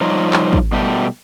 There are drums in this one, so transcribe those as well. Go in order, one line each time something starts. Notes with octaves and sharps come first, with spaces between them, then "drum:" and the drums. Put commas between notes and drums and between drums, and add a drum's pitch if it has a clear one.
F3 G3 D#4 F4 C#5 D#5
drum: clap
drum: kick
B2 G3 A3 G4